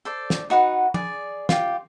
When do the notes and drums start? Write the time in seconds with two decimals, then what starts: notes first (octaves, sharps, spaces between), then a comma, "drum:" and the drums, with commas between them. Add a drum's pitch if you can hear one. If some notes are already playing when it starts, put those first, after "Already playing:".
0.05 A4 C5 D5
0.30 drum: snare
0.50 D#4 F#4 B4 F#5
0.94 G#4 D5, drum: tom
1.49 F4 G4, drum: snare